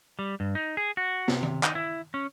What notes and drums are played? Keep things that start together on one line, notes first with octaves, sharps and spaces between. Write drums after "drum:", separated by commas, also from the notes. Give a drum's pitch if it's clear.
G3
G2
D#4
G#4
F#4
C3, drum: snare
drum: tom D#3
D#4, drum: clap
E4
C#4